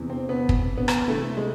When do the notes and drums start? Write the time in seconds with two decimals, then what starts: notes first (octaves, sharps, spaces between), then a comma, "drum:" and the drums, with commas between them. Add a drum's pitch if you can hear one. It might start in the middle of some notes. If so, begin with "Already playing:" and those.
Already playing: E2 C3 E3
0.10 C4
0.29 B3
0.49 drum: kick
0.78 B3
0.88 drum: rim click
1.07 C2 C3 E3 A3
1.37 G#3